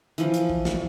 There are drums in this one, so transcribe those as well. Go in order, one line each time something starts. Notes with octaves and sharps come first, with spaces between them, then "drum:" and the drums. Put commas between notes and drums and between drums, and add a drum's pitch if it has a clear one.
E3 F3, drum: hi-hat
drum: hi-hat
drum: kick
drum: snare